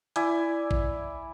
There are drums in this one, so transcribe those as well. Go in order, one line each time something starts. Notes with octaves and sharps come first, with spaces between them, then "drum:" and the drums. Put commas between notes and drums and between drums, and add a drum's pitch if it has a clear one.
E4 D5 G#5, drum: hi-hat
drum: kick A1